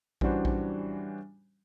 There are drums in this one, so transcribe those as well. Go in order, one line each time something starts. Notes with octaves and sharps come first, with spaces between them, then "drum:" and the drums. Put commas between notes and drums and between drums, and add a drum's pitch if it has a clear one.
E3 G3 C#4 D4 F#4 C5, drum: kick A#1
drum: kick A#1